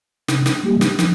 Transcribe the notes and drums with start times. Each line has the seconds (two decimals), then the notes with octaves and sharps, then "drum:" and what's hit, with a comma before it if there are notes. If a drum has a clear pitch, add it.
0.28 C3, drum: snare
0.46 drum: snare
0.63 G3 A#3 G4
0.81 drum: snare
0.99 F3, drum: snare